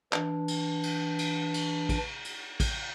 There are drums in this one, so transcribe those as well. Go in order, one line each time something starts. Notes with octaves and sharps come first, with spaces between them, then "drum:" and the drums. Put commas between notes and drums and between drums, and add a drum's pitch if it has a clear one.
E3 D4, drum: clap
drum: cymbal
drum: cymbal
drum: cymbal
drum: cymbal
drum: kick A1, cymbal
drum: cymbal
drum: kick A1, cymbal